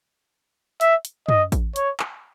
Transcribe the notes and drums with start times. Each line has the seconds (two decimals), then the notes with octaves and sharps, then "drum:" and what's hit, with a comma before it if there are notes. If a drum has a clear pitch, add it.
0.81 E5, drum: hi-hat
1.05 drum: hi-hat
1.29 D#5, drum: tom
1.52 drum: kick A1, hi-hat
1.76 C#5, drum: hi-hat
2.00 drum: clap